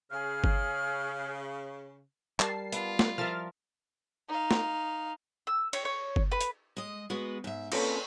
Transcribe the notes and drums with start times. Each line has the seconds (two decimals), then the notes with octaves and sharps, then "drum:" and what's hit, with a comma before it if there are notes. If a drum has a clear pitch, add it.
0.11 C#3 G#4 F6
0.44 drum: kick G1
2.40 G3 A#4 A5 C7, drum: clap
2.72 B3 F4, drum: hi-hat
2.99 drum: snare
3.18 F3 A#4 E5 F6 A6
4.29 D#4 F5
4.51 drum: snare
5.47 E6
5.73 C#5, drum: cymbal
5.85 C#5
6.16 drum: kick G1
6.32 B4
6.41 drum: hi-hat
6.77 G#3 D#5
7.10 G#3 B3 F#4 B4
7.44 G#2 E5
7.72 A#3 C4 C#4 F4 A4 B4, drum: cymbal